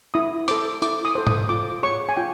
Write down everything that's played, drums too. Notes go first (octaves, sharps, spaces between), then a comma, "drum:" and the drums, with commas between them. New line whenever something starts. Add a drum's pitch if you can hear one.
E4 D#6
A4 C5 D6, drum: hi-hat
E4 D6, drum: tambourine
D#6
A4 C5
D#6, drum: tom G#2
F4 D6
G#4 C#5 C#6
G#5
F4 G5